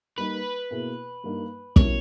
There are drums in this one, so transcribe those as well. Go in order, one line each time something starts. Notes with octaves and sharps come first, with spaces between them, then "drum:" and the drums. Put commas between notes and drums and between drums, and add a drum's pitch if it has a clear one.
G3 A#3 D#4 B4
B2 A#3 E4 G#4
G2 G3 A#3 D#4
B2 G3 C#4 E4 A#4 C#5, drum: kick